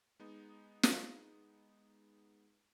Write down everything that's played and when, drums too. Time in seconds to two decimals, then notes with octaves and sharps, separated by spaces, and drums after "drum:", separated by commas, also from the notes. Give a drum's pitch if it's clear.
0.20 G#3 B3 D#4
0.83 drum: snare